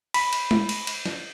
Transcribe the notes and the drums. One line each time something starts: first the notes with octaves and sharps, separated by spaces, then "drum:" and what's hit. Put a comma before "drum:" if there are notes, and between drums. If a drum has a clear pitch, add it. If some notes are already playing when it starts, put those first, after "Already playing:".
B5, drum: cymbal
drum: cymbal
drum: tom G#3
drum: cymbal
drum: cymbal
drum: snare